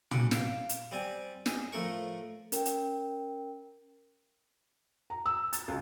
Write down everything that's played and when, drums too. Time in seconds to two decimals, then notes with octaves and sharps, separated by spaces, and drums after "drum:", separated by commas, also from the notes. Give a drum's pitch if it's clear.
0.11 C#3 F#5 D6, drum: tom
0.31 F5 D6, drum: snare
0.69 drum: hi-hat
0.91 G3 C4 D5 G#5
1.46 G#4 D#5, drum: snare
1.73 A2 F3 A3 A#4 C#6
2.52 C#4 A#4 G5, drum: hi-hat
2.65 drum: hi-hat
5.10 A#5
5.26 E6
5.53 A6, drum: hi-hat
5.68 C#2